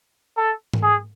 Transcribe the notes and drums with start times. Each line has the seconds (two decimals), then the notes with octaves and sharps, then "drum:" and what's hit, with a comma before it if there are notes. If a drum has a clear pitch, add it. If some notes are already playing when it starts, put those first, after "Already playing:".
0.37 A4
0.73 drum: tom G#2
0.83 G#4